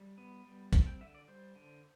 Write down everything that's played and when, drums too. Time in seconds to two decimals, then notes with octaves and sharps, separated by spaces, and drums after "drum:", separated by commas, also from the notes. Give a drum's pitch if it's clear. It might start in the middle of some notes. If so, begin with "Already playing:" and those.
Already playing: G3
0.18 B3
0.45 G3
0.73 C4 A5, drum: kick A#1, hi-hat
0.87 G5
1.00 D3 E5
1.15 D5
1.28 G3 C5
1.56 D3